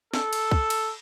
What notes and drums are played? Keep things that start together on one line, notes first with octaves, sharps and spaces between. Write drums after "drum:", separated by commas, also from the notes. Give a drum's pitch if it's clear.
A4, drum: snare
drum: cymbal
drum: kick
drum: cymbal